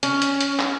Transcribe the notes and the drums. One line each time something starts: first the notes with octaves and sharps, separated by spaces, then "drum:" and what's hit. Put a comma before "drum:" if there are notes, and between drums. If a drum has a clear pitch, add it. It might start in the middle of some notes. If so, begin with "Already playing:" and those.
C#4, drum: hi-hat
drum: hi-hat
drum: hi-hat
drum: clap